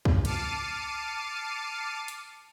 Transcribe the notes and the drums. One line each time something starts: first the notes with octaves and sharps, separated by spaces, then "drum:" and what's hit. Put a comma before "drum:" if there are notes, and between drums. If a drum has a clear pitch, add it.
drum: kick
A5 D6 F6 C7 C#7 D#7, drum: cymbal
drum: hi-hat